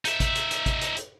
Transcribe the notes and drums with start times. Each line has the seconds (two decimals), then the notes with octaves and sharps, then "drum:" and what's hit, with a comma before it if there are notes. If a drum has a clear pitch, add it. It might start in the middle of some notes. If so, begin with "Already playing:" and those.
0.05 D#4 E5, drum: hi-hat
0.20 drum: kick A1, hi-hat
0.36 drum: hi-hat
0.51 drum: hi-hat
0.66 drum: kick A1, hi-hat
0.81 drum: hi-hat
0.97 drum: hi-hat